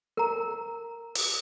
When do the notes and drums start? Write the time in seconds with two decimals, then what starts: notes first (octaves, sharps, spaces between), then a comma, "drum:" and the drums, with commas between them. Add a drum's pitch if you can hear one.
0.17 A#4 A#5
1.15 drum: open hi-hat